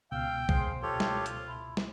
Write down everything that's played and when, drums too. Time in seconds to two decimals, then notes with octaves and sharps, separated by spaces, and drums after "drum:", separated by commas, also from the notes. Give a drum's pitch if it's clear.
0.12 C#2 B2 F5 G5 E6
0.49 G#4 C5 F5, drum: kick B1
0.82 F4 G4 A4 C#5
1.00 drum: snare
1.26 drum: hi-hat
1.48 E4
1.77 drum: snare